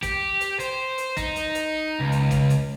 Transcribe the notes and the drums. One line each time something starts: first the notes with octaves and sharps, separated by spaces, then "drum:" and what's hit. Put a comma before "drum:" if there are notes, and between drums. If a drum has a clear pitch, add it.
G4, drum: kick, hi-hat
drum: hi-hat
C5, drum: hi-hat
drum: hi-hat
D#4, drum: kick, hi-hat
drum: hi-hat
drum: hi-hat
C#2
drum: hi-hat
drum: kick, hi-hat
drum: hi-hat